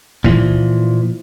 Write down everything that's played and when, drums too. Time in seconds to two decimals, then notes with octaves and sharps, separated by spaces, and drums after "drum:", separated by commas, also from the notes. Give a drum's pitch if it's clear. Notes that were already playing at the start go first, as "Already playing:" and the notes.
0.24 A#2 E3 F3, drum: kick